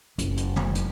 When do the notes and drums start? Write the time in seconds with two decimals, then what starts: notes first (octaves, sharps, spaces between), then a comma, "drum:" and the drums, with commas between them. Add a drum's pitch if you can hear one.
0.18 F#1, drum: hi-hat
0.37 drum: hi-hat
0.56 drum: tom
0.75 drum: hi-hat